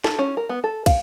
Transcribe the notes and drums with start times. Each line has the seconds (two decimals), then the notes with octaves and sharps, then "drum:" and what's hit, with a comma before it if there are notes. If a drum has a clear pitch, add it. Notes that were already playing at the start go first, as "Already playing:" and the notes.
0.04 A4, drum: snare
0.19 C#4
0.37 A#4
0.49 B3
0.64 A4
0.86 F5, drum: kick, cymbal